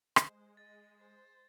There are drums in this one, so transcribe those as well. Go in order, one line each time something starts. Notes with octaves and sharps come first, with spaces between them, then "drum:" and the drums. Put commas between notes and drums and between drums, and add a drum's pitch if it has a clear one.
G#3 C5, drum: rim click
D#5 A6
C5